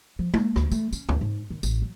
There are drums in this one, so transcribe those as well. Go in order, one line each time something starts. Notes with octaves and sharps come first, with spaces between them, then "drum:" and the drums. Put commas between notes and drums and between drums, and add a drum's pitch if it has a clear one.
F3
A#3, drum: tom G#3
D2, drum: rim click
A3, drum: tambourine
C#4, drum: tambourine
D2, drum: tom
G#2
D#3
A1, drum: tambourine
F#3